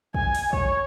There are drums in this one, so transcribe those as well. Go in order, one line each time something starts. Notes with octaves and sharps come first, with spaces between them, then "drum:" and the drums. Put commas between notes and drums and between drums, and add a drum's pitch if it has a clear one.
G#5, drum: kick
drum: open hi-hat
C#5, drum: kick